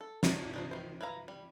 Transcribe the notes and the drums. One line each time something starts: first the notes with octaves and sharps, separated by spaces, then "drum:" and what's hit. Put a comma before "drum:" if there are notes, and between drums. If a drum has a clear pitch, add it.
A4
F#3 D4, drum: snare
F3 D4 D#4
D#3 A#3 C5
E4 B4 F5 A#5
G3